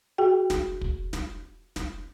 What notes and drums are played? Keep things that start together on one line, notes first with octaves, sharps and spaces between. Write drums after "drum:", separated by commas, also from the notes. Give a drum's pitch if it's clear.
F#4 G#4 G5
drum: snare
drum: kick
drum: snare
drum: snare